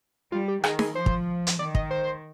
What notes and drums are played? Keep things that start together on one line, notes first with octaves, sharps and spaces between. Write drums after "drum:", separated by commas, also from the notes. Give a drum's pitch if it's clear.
G3 F4
G4
D#3 G#4, drum: rim click
G#4, drum: snare D#4
F3 C5
drum: kick
drum: hi-hat
D#3 D5
D#5, drum: kick
C5